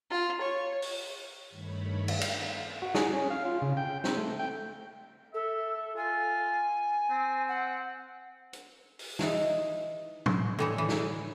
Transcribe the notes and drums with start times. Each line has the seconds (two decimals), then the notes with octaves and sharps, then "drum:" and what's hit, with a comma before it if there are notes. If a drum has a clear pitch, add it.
0.10 F4
0.41 C#5
0.82 drum: open hi-hat
1.50 G2 D#3 A3 C#5 B5
2.08 drum: cymbal
2.21 drum: cymbal
2.82 F#4
2.95 G#4, drum: snare
3.13 C#4
3.30 F5
3.45 F4
3.62 C#3
3.77 G5
4.04 C4, drum: snare
4.17 A3
4.39 G5
5.34 A4 E5
5.97 F4 G#5
7.10 C4
7.48 F#5
8.53 drum: hi-hat
8.99 drum: open hi-hat
9.19 E3 D#4, drum: snare
10.26 drum: tom
10.59 A2 D3 E3 G#4 C#5
10.78 E3
10.89 drum: snare